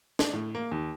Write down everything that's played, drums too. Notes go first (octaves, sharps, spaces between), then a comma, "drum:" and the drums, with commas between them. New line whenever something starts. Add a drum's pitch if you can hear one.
D4, drum: snare
A2
A#3
D#2